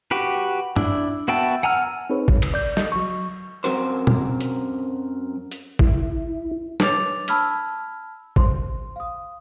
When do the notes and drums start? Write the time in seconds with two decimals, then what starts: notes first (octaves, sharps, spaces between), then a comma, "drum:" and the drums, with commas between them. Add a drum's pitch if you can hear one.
0.11 F#4 G4 B4
0.76 D4 E4, drum: tom
1.28 B3 F#4 E5 G5 A5
1.63 F#5 G#5 A#5 E6 F6
2.10 C4 D#4 G#4 B4 C#5
2.28 F#2, drum: kick
2.42 drum: cymbal
2.54 D5 G6
2.77 D#5, drum: snare
2.92 F#3 C#6
3.64 F#2 F#3 C4 F#4 A#4 C5
4.07 drum: tom B2
4.41 drum: hi-hat
5.51 drum: hi-hat
5.79 E4, drum: kick
6.80 D4 B4 C#5 D6 A6 F7, drum: snare
7.28 A5 B5 E6 F6 G#6 B6, drum: hi-hat
8.36 C5 C6, drum: kick
8.96 F5 D#6